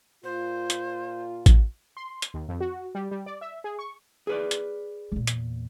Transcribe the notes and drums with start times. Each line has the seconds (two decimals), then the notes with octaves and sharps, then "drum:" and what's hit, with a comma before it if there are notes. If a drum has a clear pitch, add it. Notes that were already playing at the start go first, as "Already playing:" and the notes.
0.24 A#2 F4 C5
0.70 drum: hi-hat
1.46 drum: kick, hi-hat
1.97 C6
2.22 drum: hi-hat
2.34 D#2
2.49 F2
2.60 F#4
2.95 G3
3.11 G3
3.26 D5
3.41 E5
3.64 G#4
3.79 C#6
4.27 G#4 B4 D5
4.51 drum: hi-hat
5.12 E2 A#2
5.27 drum: hi-hat